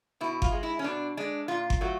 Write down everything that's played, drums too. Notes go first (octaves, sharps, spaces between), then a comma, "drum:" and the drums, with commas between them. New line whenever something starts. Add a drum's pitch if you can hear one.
B2 E4
F4, drum: kick G1
G#3
E4
C#4
B2 D4
G#3 D4
A#2 F4
drum: kick G1
F#3 A3